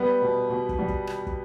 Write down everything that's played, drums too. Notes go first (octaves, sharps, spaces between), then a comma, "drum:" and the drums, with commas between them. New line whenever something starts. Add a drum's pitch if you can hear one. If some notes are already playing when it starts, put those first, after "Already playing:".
Already playing: G3 B3
B2
B2
drum: kick
G3
drum: kick
drum: rim click
drum: kick